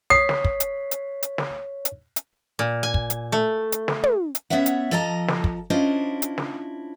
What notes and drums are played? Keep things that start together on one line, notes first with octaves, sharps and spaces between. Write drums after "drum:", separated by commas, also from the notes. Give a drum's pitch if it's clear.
C#5 D#6 B6 C7
drum: snare
drum: kick
drum: hi-hat
drum: hi-hat
drum: hi-hat
drum: snare
drum: hi-hat
drum: hi-hat
A#2
G#5
drum: kick
drum: hi-hat
A3
drum: hi-hat
drum: snare
drum: tom
drum: hi-hat
B3 C#4 C#5 E5 F#5
drum: hi-hat
F2 F3 A4 D#5 A5 A#5
drum: snare
drum: kick
C#4 D4 E4 F4 C5 D#5
drum: hi-hat
drum: snare